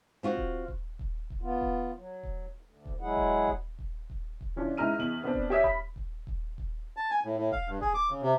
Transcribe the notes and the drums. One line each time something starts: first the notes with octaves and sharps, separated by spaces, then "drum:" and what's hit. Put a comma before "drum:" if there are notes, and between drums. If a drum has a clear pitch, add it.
C4 F4 F#4
drum: kick D#1
drum: kick D#1
drum: kick D#1
drum: kick D#1
B3 F4
drum: kick D#1
F#3
drum: kick D#1
D2
drum: kick D#1
F#3 G#3 E4 G#4 F#5
drum: kick D#1
drum: kick D#1
drum: kick D#1
drum: kick D#1
drum: kick D#1
E3 C#4 D4 F4
C#2 G#2 E4 A#5 F6 D#7
E2 F#7
B3 C4 D4
drum: kick D#1
G4 C#5 E5 D#6 B6
B5, drum: kick D#1
drum: kick D#1
drum: kick D#1
drum: kick D#1
A5
G#5
A2
A2
F5, drum: kick D#1
G2
G#4, drum: kick D#1
D6
C#3
C3